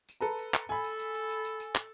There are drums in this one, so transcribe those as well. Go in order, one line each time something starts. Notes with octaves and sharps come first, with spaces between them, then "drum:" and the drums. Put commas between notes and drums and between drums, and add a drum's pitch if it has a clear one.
drum: tambourine
A4 B4 A#5
drum: tambourine
drum: clap
A4 G#5 B5
drum: tambourine
drum: tambourine
drum: tambourine
drum: tambourine
drum: tambourine
drum: tambourine
drum: clap